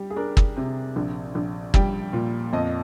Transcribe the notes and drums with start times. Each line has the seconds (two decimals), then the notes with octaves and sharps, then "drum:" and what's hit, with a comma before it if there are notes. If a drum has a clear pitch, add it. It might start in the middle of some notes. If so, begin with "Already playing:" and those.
Already playing: G3 G4
0.10 G#4
0.16 D4 A#4
0.37 drum: kick
0.57 C3
0.96 A#1
1.35 A#1
1.74 G3 G5, drum: kick
2.13 A#2
2.53 F2 D#5